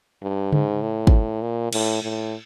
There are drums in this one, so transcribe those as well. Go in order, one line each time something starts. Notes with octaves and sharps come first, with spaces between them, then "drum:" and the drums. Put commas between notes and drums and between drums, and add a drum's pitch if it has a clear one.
G2
G#2, drum: tom C#3
A2
drum: kick
A#2
A2, drum: cymbal
A2